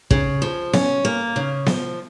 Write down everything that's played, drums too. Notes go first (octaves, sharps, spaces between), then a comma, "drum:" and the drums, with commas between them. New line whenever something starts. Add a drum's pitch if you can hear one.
C#3, drum: kick
F3
C#4, drum: snare B3
A#3
C#3
F3, drum: snare B3